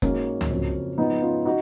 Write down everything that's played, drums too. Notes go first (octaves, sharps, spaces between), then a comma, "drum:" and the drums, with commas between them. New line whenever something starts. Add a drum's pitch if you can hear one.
G#2 F#3 A#3 C#4, drum: kick F1
drum: tom C#2
F2 C#3 F#3
G#2 F3 B3 D#4
C#4 F4
D#4 F#4